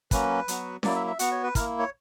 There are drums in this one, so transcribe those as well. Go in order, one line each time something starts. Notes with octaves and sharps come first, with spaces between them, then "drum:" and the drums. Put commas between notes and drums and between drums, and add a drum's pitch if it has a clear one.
F#3 A#3 C#4 F#4 B4, drum: kick, hi-hat
F#3 B3 F#4, drum: hi-hat
F#3 A#3 E4 D5, drum: snare C#4
E5
E5
B3 F#4 F#5, drum: hi-hat
C#5
B4
A#3 E4 A#4, drum: kick, hi-hat
C#5